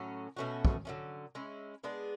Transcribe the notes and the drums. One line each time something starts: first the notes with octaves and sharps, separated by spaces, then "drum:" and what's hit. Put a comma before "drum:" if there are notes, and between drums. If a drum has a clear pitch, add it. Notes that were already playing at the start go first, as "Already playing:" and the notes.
Already playing: A2 F#3 C#4
B2 A3 C#4 F#4
drum: kick
D3 F#3 A3 C#4
G#3 C#4 E4
G#3 B3 D4 G#4